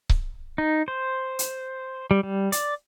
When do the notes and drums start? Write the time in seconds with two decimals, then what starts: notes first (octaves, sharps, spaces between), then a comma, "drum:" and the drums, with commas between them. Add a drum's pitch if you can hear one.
0.09 drum: kick C#1
0.58 D#4
0.88 C5
1.39 drum: hi-hat
2.11 G3
2.23 G3
2.52 D5, drum: hi-hat